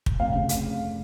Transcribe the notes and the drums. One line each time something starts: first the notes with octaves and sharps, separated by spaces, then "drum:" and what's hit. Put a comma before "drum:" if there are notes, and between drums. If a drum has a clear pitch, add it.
drum: kick
F1 F5
C#3
drum: hi-hat